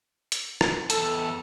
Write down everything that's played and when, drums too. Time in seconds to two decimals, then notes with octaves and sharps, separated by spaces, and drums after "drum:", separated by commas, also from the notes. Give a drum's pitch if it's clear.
0.32 drum: hi-hat
0.61 drum: rim click
0.90 E2 A4 A5, drum: hi-hat